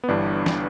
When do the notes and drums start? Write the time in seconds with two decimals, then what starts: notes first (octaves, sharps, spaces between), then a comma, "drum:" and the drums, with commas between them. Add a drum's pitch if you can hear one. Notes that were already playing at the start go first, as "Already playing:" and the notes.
0.04 B3
0.08 G1 G2 E3 G3 D4
0.46 drum: snare